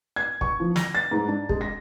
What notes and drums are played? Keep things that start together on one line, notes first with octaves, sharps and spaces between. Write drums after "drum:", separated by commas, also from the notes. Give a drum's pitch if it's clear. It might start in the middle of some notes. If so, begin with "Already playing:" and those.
G#6
C#6, drum: kick
F3
A#6, drum: snare
A6
G#2
D4
G#3, drum: kick
A#6